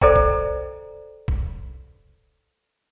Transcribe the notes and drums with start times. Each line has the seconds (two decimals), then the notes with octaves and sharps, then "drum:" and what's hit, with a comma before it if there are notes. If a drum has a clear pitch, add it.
0.01 A4 C5 D5 D#5 G5 A#5, drum: kick
0.15 drum: kick
1.28 drum: kick